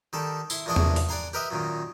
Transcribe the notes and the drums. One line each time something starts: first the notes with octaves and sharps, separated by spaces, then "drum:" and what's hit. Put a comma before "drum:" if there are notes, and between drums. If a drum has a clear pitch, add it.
D#3 G3 A4 A5
E4 C6, drum: tambourine
A#1 E2 G#3 D4 D#5 C#6
drum: tom E2
drum: open hi-hat
D5 F#5 G#5 A#5 C6
G4 A#4 B4 D#5 E5
F#2 A#2 D#3